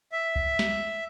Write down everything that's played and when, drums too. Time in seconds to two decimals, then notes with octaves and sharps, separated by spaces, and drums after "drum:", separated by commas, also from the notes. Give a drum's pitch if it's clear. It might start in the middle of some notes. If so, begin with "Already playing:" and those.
0.12 E5
0.36 drum: kick
0.59 drum: snare